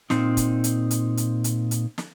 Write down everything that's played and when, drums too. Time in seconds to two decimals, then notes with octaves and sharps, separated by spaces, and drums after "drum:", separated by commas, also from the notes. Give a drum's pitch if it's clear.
0.10 A#2 C4 D#4, drum: snare
0.37 drum: kick, hi-hat
0.64 drum: hi-hat
0.91 drum: hi-hat
1.17 drum: hi-hat
1.44 drum: hi-hat
1.71 drum: hi-hat
1.98 drum: snare